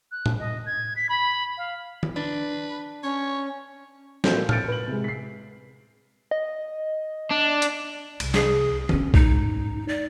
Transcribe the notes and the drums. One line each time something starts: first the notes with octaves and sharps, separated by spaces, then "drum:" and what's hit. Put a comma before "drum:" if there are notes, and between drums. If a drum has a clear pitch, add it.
F#6
drum: tom A2
D#5
G#6
B6
B5
F5
drum: tom D#3
D4 B4
C#4 C#5
A#2 F3 A3 C4 F#4 G6, drum: snare
A#3
F6 G6 A6 C#7 D7, drum: tom A2
B4 F#7
C3 G#3
B6 C7
D#5
D4
drum: hi-hat
C2, drum: cymbal
G#4, drum: snare
D#2 D3 C#4, drum: tom D#3
G#2 D#4, drum: kick B1
D5